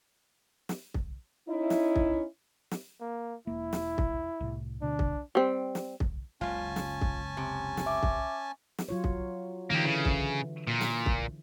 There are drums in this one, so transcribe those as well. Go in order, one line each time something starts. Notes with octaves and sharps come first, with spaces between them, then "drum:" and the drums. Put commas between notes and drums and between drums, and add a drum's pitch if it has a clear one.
drum: snare
drum: kick
C#4 D#4 E4
drum: snare
drum: kick
drum: snare
A#3
E1 A#3 E4
drum: snare
drum: kick
C2 A2
D2 B2 D3 D4
drum: kick
G3 C4
drum: snare
drum: kick
F#1 C#2 C#4 F4 G#5 A5
drum: snare
drum: kick
C3
drum: snare
E5 D6
drum: kick
drum: snare
F#3 F4 C#5
drum: kick
D3 E3 A#3 G4
C#3
drum: kick
A#2
drum: snare
drum: kick